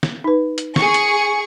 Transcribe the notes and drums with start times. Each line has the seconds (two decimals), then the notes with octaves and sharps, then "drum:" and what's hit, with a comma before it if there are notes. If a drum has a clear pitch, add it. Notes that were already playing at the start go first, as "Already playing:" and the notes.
0.03 drum: snare
0.24 D#4 B4
0.58 drum: hi-hat
0.76 G#4 C#6, drum: snare
0.94 drum: hi-hat